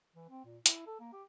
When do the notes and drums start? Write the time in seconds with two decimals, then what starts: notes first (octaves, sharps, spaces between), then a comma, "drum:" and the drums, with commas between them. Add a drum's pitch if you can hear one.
0.16 E3
0.29 C4
0.45 A#2
0.66 E4, drum: hi-hat
0.87 A4
1.00 A#3
1.13 G4